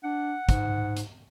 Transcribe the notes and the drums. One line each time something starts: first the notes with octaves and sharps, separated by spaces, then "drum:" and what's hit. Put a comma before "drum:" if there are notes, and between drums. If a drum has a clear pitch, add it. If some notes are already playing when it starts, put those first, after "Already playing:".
D4 F#5
G#2, drum: kick, hi-hat
drum: hi-hat